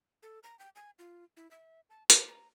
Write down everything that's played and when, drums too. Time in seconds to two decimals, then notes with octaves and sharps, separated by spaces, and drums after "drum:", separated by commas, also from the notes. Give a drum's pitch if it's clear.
0.23 A4
0.43 A#5
0.59 G5
0.76 G#5
0.99 F4
1.37 E4
1.51 E5
1.90 A5
2.10 A5, drum: hi-hat
2.27 A#5